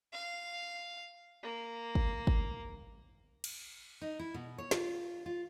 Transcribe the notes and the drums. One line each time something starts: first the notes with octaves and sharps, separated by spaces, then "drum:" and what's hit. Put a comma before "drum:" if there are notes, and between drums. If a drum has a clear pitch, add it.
F5
A#3
drum: kick
drum: kick
drum: cymbal
D#4
E4
B2
C#5
F4, drum: snare
F4